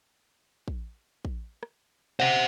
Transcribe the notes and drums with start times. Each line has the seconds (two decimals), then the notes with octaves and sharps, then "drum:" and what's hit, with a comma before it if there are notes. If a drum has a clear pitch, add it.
0.68 drum: kick
1.25 drum: kick
1.63 drum: rim click
2.20 C5 E5 F#5